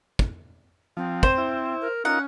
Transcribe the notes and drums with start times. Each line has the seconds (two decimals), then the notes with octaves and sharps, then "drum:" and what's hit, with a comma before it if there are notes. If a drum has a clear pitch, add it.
0.19 drum: kick
0.97 F3 C4
1.23 C5, drum: kick
1.38 E4
1.81 A#4
2.05 C#4 D#4 F4 A#4 F#5